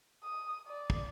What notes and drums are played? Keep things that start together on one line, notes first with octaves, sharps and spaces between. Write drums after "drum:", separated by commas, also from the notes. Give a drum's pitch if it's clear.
D#6
D5
drum: kick